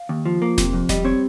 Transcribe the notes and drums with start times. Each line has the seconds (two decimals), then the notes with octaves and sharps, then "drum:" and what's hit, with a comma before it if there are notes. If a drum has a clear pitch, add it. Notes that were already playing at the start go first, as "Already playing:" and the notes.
Already playing: F5
0.09 D#2
0.25 F3
0.42 A#3
0.58 C3, drum: snare E1
0.73 F2
0.89 G3 D#5, drum: snare E1
1.05 C4 C#5